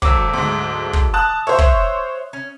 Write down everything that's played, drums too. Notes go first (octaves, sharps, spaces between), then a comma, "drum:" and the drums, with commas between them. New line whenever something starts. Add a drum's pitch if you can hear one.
G#1 F#3 A3 D4 D6 E6, drum: kick
D2 G#2
drum: kick
A5 D#6 F#6
C5 C#5 E5
drum: kick
C#4